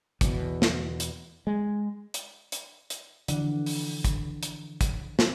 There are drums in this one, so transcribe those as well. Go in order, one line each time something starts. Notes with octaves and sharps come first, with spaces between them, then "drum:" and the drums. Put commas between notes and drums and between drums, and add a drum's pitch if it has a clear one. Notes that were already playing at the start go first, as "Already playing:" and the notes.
E2 B2, drum: kick, hi-hat
drum: snare
drum: hi-hat
G#3
drum: hi-hat
drum: hi-hat
drum: hi-hat
D3 E3 F3 D5 F#5, drum: hi-hat
drum: open hi-hat
drum: kick, hi-hat
drum: hi-hat
drum: kick, hi-hat
drum: snare